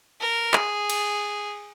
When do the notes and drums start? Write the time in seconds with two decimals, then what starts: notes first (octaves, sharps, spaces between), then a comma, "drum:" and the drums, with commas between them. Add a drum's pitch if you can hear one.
0.21 A#4
0.54 G#4, drum: clap
0.90 drum: cymbal